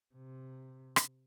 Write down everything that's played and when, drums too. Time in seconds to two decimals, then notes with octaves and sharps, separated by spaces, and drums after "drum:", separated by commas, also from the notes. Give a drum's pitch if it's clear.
0.15 C3
0.96 drum: rim click